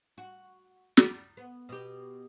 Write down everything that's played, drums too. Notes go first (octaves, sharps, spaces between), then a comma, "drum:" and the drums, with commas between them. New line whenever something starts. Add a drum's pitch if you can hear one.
F#4
drum: snare
B3
B2 G4